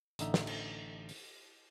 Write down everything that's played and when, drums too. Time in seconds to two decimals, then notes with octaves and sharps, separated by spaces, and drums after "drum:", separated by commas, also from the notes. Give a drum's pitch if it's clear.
0.19 A1 D3 D#4 E5, drum: hi-hat
0.34 drum: snare
0.47 drum: cymbal
1.09 drum: open hi-hat